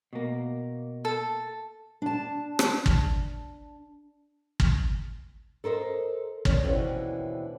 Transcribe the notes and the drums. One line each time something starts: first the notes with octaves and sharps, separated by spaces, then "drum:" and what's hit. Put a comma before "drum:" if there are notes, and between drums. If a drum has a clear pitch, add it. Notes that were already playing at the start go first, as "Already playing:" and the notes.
B2 A#3
A4
D4 A5
drum: rim click
drum: kick
drum: kick
A4 A#4 C5 D#5
C#4 D5, drum: kick
D#2 B2 D3 E3 C4 C#4